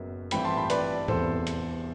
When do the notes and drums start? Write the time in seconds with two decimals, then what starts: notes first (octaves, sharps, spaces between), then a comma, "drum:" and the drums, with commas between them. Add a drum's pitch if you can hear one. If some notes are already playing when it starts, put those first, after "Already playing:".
Already playing: F#1 F#2 F#3 B3
0.31 A1 G2 E3 A3 C4 G5 B5, drum: hi-hat
0.45 A5 C6
0.57 G5 B5
0.70 B4 D5, drum: hi-hat
1.08 E1 E2 C3 E3 A4 C5, drum: tom G#2
1.47 drum: hi-hat